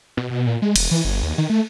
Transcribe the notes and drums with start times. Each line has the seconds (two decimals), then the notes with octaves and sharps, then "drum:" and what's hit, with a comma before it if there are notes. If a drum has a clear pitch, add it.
0.17 B2
0.31 B2
0.47 A#2
0.62 G#3
0.76 E1, drum: cymbal
0.91 E3
1.05 G1
1.23 D#2
1.38 D#3
1.50 A3